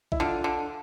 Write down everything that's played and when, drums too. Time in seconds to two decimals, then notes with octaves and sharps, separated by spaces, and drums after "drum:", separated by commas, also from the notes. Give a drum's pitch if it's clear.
0.12 E4, drum: kick A1
0.20 D3 F4
0.44 D3